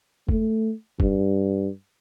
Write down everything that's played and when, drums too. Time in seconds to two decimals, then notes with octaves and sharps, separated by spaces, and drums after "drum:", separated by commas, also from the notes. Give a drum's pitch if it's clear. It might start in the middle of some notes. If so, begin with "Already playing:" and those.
0.29 A3, drum: kick
1.00 G2, drum: kick